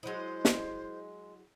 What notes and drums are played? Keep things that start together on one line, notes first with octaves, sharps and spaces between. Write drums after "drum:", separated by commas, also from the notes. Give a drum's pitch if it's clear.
F#3 G#3 E4 C5 D#5
drum: snare